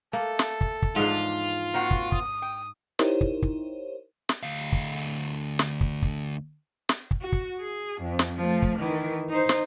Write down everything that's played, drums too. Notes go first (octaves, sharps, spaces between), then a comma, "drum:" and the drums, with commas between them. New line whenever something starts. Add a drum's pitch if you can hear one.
A3 A#3 A4
drum: snare
drum: kick
drum: kick
E2 G#2 F3 D4 F4
A#3 C4 F#4 F#5
drum: kick
D#6, drum: kick
G5
D#4 E4 G4 A#4 C5 C#5, drum: snare
drum: kick
drum: kick
drum: snare
D2 F5
drum: kick
drum: snare
drum: kick
drum: kick
drum: snare
drum: kick
F#4
drum: kick
G#4
F2
drum: snare
F3 A3
drum: kick
D#3 E3
D#4 C5
drum: snare